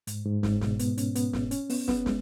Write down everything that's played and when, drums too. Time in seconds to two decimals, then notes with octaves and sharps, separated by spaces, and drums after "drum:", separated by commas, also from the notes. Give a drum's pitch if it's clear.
0.07 G#2, drum: hi-hat
0.25 G#2
0.43 G#2, drum: snare
0.61 B2, drum: snare
0.79 B3, drum: hi-hat
0.98 C#4, drum: hi-hat
1.15 B3, drum: hi-hat
1.33 drum: snare
1.51 C#4, drum: hi-hat
1.69 B3, drum: open hi-hat
1.88 B3, drum: snare
2.06 G#3, drum: snare